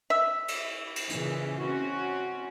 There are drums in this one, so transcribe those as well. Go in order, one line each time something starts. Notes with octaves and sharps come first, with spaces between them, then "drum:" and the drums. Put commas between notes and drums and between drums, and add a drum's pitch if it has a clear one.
E5
drum: cymbal
drum: cymbal
A#2 C#3 E3, drum: hi-hat
C4 C#4 F#4